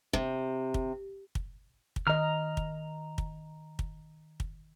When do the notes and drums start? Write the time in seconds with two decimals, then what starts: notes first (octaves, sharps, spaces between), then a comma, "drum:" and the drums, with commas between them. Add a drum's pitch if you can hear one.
0.13 C3, drum: kick
0.74 drum: kick
1.35 drum: kick
1.96 drum: kick
2.07 D#3 D#5 A#5 F6
2.57 drum: kick
3.18 drum: kick
3.79 drum: kick
4.40 drum: kick